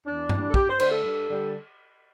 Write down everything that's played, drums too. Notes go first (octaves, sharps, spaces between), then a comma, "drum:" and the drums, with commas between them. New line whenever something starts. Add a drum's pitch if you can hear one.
E2 D4
E3 G3, drum: tom G2
A4
G2 G4, drum: kick
C5
D3 A3 C5, drum: cymbal
A4
G2
D3 G3